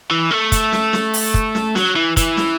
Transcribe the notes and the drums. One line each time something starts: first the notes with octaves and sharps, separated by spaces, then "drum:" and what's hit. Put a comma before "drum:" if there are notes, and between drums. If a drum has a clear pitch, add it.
E3
A3
drum: kick, hi-hat
drum: snare
drum: snare
drum: open hi-hat
drum: kick
drum: snare
F#3, drum: snare
E3
E3, drum: kick, hi-hat
drum: snare